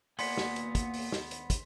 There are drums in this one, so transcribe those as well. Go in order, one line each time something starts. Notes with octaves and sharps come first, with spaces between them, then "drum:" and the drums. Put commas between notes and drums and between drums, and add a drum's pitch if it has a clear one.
A#3 B3 D5 F#5 G#5 C6 B6, drum: open hi-hat
drum: snare
drum: hi-hat
drum: kick, hi-hat
drum: open hi-hat
drum: snare
drum: hi-hat
drum: kick, hi-hat